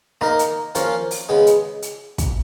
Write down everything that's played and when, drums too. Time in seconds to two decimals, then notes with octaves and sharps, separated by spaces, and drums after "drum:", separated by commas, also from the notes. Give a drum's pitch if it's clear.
0.21 A#3 D#4 A#4 D#5, drum: rim click
0.39 drum: hi-hat
0.75 F3 A#3 C#4 F4 A#4, drum: hi-hat
1.11 drum: open hi-hat
1.29 C#3 G#3 B3
1.47 drum: hi-hat
1.82 drum: hi-hat
2.18 drum: kick, hi-hat